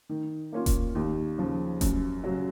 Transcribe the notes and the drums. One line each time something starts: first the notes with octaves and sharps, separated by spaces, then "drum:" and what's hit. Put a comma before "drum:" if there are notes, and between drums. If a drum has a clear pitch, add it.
D#3
A#3 C#4 F4
drum: kick E1, hi-hat
D#2
C#3 F3
F#2, drum: kick E1, hi-hat
C#3 F#3